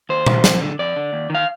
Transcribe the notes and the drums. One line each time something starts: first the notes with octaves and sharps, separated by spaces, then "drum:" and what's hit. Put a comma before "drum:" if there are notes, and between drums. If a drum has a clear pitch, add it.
D#2 C5
D#3, drum: tom A#2
F2, drum: snare
D3
F2 D5
D3
D#2
D#3 F5